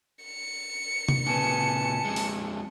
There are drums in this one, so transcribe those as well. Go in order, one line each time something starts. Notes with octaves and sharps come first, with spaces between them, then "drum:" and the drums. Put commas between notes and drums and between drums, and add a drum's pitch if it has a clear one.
C#7
drum: tom C3
A#2 C#3 B4 G#5 A5
F2 G#3
drum: open hi-hat